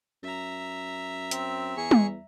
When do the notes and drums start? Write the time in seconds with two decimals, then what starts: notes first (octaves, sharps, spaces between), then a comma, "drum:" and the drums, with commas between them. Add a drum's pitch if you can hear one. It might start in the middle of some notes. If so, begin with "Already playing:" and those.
0.23 F#2 E5 A#5
1.31 C4, drum: hi-hat
1.77 E2 G#4 C#6
1.91 drum: tom